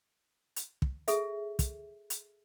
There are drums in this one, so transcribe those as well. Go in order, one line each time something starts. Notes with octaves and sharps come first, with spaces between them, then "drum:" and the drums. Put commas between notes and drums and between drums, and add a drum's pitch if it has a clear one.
drum: hi-hat
drum: kick
G#4 A4 E5, drum: hi-hat
drum: kick, hi-hat
drum: hi-hat